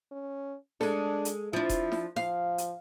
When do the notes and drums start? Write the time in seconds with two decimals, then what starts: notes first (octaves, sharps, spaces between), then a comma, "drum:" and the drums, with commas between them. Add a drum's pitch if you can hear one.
0.11 C#4
0.81 G#3 D4 A4, drum: snare
1.25 drum: hi-hat
1.53 F3 D4 E4
1.69 drum: kick E1, hi-hat
1.92 drum: snare
2.16 F3 F5, drum: snare
2.58 drum: hi-hat